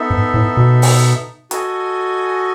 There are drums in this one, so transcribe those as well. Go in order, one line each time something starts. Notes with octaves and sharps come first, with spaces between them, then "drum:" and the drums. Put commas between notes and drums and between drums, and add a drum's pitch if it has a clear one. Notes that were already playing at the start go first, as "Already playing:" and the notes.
Already playing: B3 D#4 A4 E5
G#2
A2
B2
drum: open hi-hat
F#4 A4 D#5 G#5, drum: hi-hat